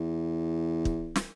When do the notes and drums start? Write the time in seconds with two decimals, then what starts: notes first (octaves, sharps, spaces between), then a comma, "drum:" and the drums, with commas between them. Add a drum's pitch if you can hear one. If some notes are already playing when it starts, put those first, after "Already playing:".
Already playing: E2
0.85 drum: kick
1.16 drum: snare